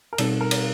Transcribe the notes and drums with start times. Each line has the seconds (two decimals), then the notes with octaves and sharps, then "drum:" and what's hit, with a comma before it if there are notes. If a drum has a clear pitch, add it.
0.13 A#4
0.18 B2 G3 C4 D#4 A4, drum: cymbal
0.41 A#4
0.51 drum: cymbal